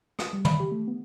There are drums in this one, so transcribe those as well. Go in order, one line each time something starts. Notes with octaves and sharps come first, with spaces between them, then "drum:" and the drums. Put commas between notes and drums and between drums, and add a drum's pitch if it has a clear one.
D#6, drum: rim click
G3
B5, drum: tom
G4
A3
B3